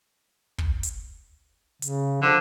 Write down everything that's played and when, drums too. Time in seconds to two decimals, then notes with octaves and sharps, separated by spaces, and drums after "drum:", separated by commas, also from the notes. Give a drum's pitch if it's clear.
0.58 drum: kick
0.83 drum: hi-hat
1.82 C#3, drum: hi-hat
2.22 D3 F3